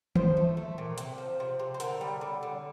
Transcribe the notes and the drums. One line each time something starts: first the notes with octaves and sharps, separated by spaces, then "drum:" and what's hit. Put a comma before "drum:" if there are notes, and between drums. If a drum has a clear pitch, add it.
F3 C5, drum: tom D#3
A3
A3
A#2
C3, drum: hi-hat
F3
C3
C3
C5
D3 A#4, drum: hi-hat
G3
D3
D3